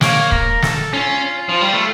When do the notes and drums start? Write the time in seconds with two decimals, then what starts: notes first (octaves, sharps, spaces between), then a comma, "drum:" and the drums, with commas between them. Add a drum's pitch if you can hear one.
0.01 A#3 C#5, drum: snare
0.32 A#4, drum: kick
0.62 A4, drum: snare
0.93 C#4 F4
1.49 F3
1.61 G3
1.73 A3